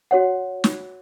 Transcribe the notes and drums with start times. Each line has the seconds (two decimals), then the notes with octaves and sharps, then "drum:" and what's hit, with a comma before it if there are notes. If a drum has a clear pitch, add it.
0.11 F#4 C#5 F#5
0.64 drum: snare